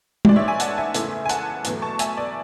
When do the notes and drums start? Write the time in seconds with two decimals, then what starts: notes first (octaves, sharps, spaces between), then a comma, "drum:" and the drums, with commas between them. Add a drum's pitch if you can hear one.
0.25 A1 G#2 G#3 D5, drum: tom
0.36 C#5 E5
0.48 E5 G#5
0.60 F#5 A5, drum: hi-hat
0.77 E5 G#5
0.94 F#1 E2 C#3 E3 A3, drum: hi-hat
1.25 G#5
1.29 F#5 A5, drum: hi-hat
1.65 E2 B2 F#3 A3, drum: hi-hat
1.82 A5 C#6
1.99 E5 G#5, drum: hi-hat
2.17 D5